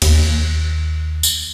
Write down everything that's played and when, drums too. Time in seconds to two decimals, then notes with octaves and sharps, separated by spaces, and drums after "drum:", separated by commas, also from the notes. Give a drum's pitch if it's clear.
0.02 D#2, drum: cymbal
1.23 drum: tambourine